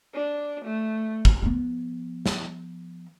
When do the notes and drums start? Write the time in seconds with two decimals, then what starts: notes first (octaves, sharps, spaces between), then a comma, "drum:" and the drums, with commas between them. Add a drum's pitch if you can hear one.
0.14 D4
0.65 A3
1.25 drum: kick
1.42 F3 B3
2.26 drum: snare